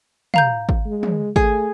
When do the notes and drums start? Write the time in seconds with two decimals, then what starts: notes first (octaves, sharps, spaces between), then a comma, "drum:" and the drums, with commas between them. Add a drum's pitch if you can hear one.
0.34 F5 A#5 G6, drum: tom
0.69 drum: kick G#1
0.86 G#3
1.03 drum: tom
1.36 A3 G#4, drum: kick G#1